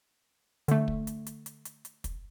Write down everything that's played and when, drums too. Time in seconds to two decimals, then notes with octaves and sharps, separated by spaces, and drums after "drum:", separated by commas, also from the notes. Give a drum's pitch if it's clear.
0.68 D3 A3, drum: hi-hat
0.88 drum: kick
1.07 drum: hi-hat
1.27 drum: hi-hat
1.46 drum: hi-hat
1.65 drum: hi-hat
1.85 drum: hi-hat
2.04 drum: kick, hi-hat